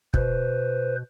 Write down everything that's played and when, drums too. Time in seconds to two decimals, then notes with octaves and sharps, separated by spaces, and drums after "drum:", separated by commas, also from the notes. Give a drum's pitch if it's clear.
0.14 B2 B4 C5, drum: kick